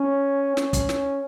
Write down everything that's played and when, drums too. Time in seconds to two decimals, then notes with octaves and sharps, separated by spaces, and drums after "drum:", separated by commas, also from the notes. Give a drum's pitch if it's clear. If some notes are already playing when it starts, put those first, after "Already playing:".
Already playing: C#4
0.57 C#4, drum: snare
0.73 drum: kick, hi-hat
0.89 drum: snare